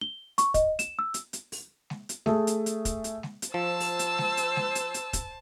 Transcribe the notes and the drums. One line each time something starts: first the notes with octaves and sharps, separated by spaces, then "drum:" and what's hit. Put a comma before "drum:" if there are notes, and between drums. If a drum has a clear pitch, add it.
G7
C#6, drum: hi-hat
D#5, drum: kick, hi-hat
E7, drum: hi-hat
E6
drum: hi-hat
drum: hi-hat
drum: open hi-hat
drum: snare G#3
drum: hi-hat
A3 G#4 A4, drum: snare G#3
drum: hi-hat
drum: hi-hat
drum: kick, hi-hat
drum: hi-hat
drum: snare G#3
drum: hi-hat
F3 C5 A5 E6
drum: open hi-hat
drum: hi-hat
drum: snare G#3
drum: hi-hat
drum: snare G#3
drum: hi-hat
drum: hi-hat
drum: kick, hi-hat